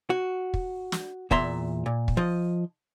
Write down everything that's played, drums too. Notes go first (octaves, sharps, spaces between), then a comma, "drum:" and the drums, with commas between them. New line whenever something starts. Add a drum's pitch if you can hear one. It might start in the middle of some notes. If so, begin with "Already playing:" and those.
F#4
drum: kick
drum: snare
E2 A#2 E5 A#5 C6, drum: kick
A#2
drum: kick
F3 D#5